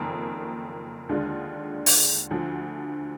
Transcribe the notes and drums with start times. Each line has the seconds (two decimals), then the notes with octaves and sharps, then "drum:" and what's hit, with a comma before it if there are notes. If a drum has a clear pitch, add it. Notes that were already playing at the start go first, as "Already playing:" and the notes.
Already playing: F#1 F2 D#3 A#3
1.09 D#2 D3 G#3 D4 F4
1.86 drum: open hi-hat
2.31 D2 D3 F3